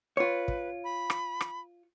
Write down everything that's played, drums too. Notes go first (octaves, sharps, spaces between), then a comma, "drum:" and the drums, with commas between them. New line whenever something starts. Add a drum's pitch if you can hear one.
F4 B4 C#5
drum: kick
B5
drum: rim click
drum: rim click